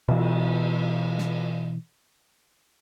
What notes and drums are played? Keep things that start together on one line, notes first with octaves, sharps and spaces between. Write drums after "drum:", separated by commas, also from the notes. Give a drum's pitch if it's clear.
B2 E3, drum: cymbal
drum: snare